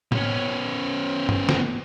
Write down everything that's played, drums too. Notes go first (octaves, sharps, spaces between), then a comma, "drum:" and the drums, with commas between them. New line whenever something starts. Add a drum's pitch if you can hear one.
B3 C#4, drum: tom A2
drum: tom G2
drum: snare